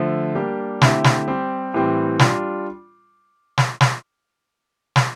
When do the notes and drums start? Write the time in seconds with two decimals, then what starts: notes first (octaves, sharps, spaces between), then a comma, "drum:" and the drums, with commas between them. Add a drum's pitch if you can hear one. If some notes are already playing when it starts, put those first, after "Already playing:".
Already playing: D3 F3 A3
0.35 G3 A#3 D4 G4
0.81 D3 A3 C4 E4 G4, drum: snare
1.04 drum: snare
1.27 G3 C4 G4
1.74 A2 E3 G3 C4 G4
2.19 G3 D4 F4, drum: snare
3.58 drum: snare
3.81 drum: snare
4.96 drum: snare